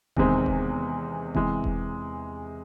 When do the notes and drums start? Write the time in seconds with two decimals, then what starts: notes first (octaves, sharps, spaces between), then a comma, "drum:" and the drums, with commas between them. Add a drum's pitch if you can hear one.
0.16 E2 C3 D#3 G#3 C4, drum: kick E1
0.46 drum: kick E1
1.35 C3 E3 G#3, drum: kick E1
1.64 drum: kick E1